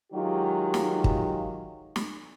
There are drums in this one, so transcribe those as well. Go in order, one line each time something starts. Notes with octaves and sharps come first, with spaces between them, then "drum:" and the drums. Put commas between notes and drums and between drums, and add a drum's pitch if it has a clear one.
D#3 F#3 G#3 D#4 F4 G4
drum: snare
drum: kick
drum: snare